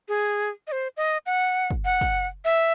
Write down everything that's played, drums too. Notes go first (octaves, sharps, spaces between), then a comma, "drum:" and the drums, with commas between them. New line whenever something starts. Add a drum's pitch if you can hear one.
G#4
D#5
C5
D#5
F#5
drum: kick
F#5
drum: kick
E5